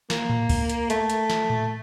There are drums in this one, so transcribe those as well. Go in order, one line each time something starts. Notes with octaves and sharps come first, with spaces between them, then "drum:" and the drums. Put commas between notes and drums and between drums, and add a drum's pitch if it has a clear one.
A#3, drum: snare
drum: tom A2
drum: kick C#2, open hi-hat
drum: hi-hat
A3, drum: hi-hat
drum: hi-hat
drum: snare
drum: tom A2